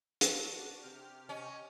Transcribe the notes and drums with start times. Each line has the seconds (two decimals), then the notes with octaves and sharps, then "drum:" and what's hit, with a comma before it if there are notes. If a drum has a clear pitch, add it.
0.21 D4 F#4, drum: hi-hat
0.82 C3 G4 F6
1.29 C#4 D#5